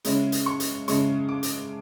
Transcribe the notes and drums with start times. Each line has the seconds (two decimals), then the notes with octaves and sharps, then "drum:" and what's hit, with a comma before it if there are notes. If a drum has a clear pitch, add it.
0.04 C#3 G#3 C#4 E4, drum: hi-hat
0.32 drum: hi-hat
0.46 C#6
0.60 drum: hi-hat
0.88 C#3 G#3 C#4 E4 C#6, drum: hi-hat
1.29 D6
1.43 drum: hi-hat